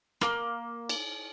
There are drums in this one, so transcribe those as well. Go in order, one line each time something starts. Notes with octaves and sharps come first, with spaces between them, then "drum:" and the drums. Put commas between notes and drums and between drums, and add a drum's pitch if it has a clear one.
A#3, drum: rim click
drum: cymbal